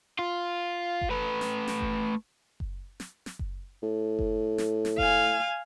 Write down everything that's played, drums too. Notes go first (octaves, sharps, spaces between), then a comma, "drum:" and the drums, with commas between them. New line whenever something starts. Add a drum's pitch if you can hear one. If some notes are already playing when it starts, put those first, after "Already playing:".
F4
drum: kick F#1
A3 B4
drum: snare
drum: snare
drum: kick F#1
drum: kick F#1
drum: snare
drum: snare
drum: kick F#1
A2
drum: kick F#1
drum: snare
drum: snare
F5 G#5, drum: kick F#1